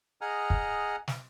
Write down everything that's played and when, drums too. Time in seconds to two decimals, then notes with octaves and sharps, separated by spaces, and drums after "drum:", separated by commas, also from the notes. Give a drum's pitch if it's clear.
0.21 G#4 D#5 F#5 G#5 A#5 F6
0.50 drum: kick
1.08 drum: snare